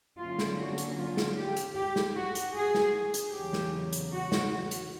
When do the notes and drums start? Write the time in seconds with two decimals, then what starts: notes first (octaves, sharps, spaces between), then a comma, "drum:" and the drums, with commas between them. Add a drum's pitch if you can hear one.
0.18 D3 F#3 A#3 C#4 F4
0.39 drum: snare
0.59 F#4
0.78 drum: hi-hat
0.97 F4
1.17 drum: snare
1.37 G4
1.57 drum: hi-hat
1.76 G4
1.96 drum: snare
2.15 F#4
2.35 drum: hi-hat
2.55 G#4
2.75 drum: snare
3.14 drum: hi-hat
3.33 E2 C#3 F#3 G4
3.53 drum: snare
3.93 drum: hi-hat
4.12 F#4
4.32 drum: snare
4.71 drum: hi-hat